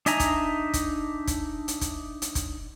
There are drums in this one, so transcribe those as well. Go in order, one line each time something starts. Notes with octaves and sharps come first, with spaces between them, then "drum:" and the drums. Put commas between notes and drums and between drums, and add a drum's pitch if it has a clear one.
D4 D#4 E5 G#5 A#5, drum: hi-hat
drum: kick, hi-hat
drum: kick, hi-hat
drum: kick, hi-hat
drum: hi-hat
drum: kick, hi-hat
drum: hi-hat
drum: kick, hi-hat